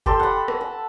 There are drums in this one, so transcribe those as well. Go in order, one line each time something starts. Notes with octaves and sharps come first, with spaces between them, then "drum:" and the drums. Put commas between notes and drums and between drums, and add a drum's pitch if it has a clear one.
G4 A4 C6, drum: kick F1
F#5 B5
drum: rim click
A5